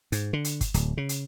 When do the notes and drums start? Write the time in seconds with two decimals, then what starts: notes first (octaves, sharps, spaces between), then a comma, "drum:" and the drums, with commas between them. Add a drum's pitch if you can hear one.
0.12 G#2, drum: hi-hat
0.33 D3
0.44 drum: hi-hat
0.61 drum: kick G1, hi-hat
0.74 D1, drum: hi-hat
0.97 C#3
1.09 drum: hi-hat